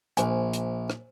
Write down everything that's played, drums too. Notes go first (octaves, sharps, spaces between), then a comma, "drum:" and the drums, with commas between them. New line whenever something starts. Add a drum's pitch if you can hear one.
A#1 C5 G#5, drum: hi-hat
drum: hi-hat
drum: rim click